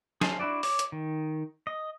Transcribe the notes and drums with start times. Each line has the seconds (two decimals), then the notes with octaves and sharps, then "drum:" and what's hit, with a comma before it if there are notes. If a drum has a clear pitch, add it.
0.21 G#4 C5 F5 G#5 A5, drum: snare
0.40 D4 E4 F#4 D5
0.63 C#5 D6, drum: open hi-hat
0.79 drum: hi-hat
0.92 D#3
1.67 D#5